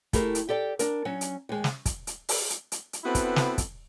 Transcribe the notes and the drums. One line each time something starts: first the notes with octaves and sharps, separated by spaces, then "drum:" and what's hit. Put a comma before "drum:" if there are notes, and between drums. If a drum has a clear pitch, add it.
A3 E4 G4 G#4 A#4, drum: kick, hi-hat
drum: hi-hat
G4 A4 D5 G5
D4 A#4, drum: hi-hat
F#3 C#4
drum: hi-hat
D#2 G#3
drum: snare
drum: kick, hi-hat
drum: hi-hat
drum: open hi-hat
drum: hi-hat
drum: hi-hat
drum: hi-hat
B3 C4 E4 F#4 A4 B4
drum: kick, hi-hat
drum: snare
drum: kick, hi-hat